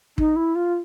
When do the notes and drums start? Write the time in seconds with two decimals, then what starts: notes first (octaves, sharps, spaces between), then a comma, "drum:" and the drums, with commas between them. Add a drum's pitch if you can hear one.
0.18 D#4, drum: kick
0.36 E4
0.55 F4